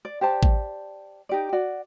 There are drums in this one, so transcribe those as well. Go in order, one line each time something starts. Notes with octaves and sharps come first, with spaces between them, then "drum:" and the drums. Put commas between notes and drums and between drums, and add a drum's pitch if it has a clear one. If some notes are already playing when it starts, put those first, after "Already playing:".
D5
G4 C5 D5 A5
drum: kick A1
D#4 G4 D5
F#4 D5